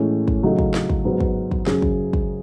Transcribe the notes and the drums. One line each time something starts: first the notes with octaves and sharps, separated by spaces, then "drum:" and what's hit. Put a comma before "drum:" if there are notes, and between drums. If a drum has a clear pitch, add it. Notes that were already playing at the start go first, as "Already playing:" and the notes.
Already playing: A2 E3 G#3 C#4
drum: kick
C#3 F#3 A3 D#4
drum: kick
drum: snare
drum: kick
G#2 F#3 B3
drum: kick
drum: kick
F#2 C#3 F#3 C#4 G#4, drum: snare
drum: kick
drum: kick